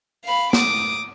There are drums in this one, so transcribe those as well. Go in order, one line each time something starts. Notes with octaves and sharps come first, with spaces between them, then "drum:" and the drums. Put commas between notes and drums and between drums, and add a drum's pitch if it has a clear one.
F5 B5
D6 D#6, drum: snare